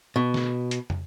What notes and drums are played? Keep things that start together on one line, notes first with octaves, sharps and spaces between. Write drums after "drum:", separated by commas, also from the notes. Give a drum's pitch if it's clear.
B2
drum: snare
drum: hi-hat
drum: tom